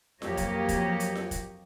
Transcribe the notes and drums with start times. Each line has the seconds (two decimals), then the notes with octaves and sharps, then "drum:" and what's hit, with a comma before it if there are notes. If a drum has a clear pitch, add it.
0.22 F2 F#3 A#3 G4 C#5 D#5, drum: snare F4
0.37 drum: kick, hi-hat
0.69 drum: kick, hi-hat
1.00 drum: hi-hat
1.15 drum: snare F4
1.31 drum: kick, hi-hat